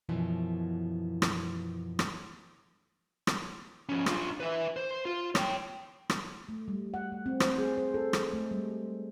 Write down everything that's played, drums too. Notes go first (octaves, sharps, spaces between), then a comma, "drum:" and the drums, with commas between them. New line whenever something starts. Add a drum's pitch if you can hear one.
F#2 B2 E3 F3
drum: rim click
drum: rim click
drum: rim click
F3 C#4
D4 F4, drum: rim click
B4 E5
C5
F4
C#5 G5, drum: rim click
drum: rim click
A3
G3
F#5
A3
C4
C5, drum: rim click
G#4
C5
A4
G#3, drum: rim click
A3
G3